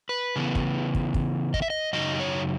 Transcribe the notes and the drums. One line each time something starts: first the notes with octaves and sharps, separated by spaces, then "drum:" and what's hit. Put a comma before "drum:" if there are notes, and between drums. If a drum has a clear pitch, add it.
B4
C#3 E3 B3
drum: kick
drum: kick
drum: kick
D#5, drum: kick
E5
D#5
F#2 C#3 F#3 D#4 D#5
C#5